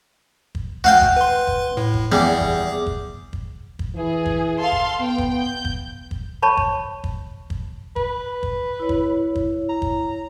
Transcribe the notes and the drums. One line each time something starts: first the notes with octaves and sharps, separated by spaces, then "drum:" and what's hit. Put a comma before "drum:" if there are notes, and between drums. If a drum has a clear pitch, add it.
drum: kick
D2 F#4 F5 G5
drum: kick
B4 C6
drum: kick
A2
drum: kick
E2 G3 G#4 D6
drum: kick
drum: kick
drum: kick
drum: kick
E3 G#4
drum: kick
A4 F5 C6
drum: kick
B3 G5
drum: kick
G6
drum: kick
drum: kick
C#5 A5 B5 C#6
drum: kick
drum: kick
drum: kick
B4, drum: kick
drum: kick
E4 C#5
drum: kick
drum: kick
A#5
drum: kick